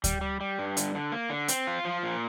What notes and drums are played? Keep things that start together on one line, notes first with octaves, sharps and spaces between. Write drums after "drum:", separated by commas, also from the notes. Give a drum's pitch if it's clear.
G3, drum: kick D2, hi-hat
G3
G3
G2
D3, drum: hi-hat
D3
A#3
D3
C4, drum: hi-hat
F4
F3
A#2